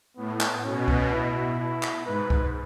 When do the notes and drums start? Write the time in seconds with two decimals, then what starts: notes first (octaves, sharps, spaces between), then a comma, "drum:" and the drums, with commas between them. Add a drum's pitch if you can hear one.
0.17 A2 B3
0.41 drum: clap
0.64 B2 C#4
0.88 drum: kick C2
1.12 E4
1.59 E4
1.83 drum: clap
2.06 G#2 B4
2.30 drum: kick C2